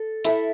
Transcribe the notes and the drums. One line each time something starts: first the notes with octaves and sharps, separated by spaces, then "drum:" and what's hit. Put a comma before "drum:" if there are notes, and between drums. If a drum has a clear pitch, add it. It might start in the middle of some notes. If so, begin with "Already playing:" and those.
Already playing: A4
E4 A4 E5, drum: hi-hat